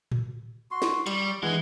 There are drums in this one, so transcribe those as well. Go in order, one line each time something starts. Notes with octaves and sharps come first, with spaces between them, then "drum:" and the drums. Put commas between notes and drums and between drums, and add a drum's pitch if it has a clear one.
drum: tom A2
F#4 C6
drum: snare
G3 C#6, drum: hi-hat
E3 G#3 F#5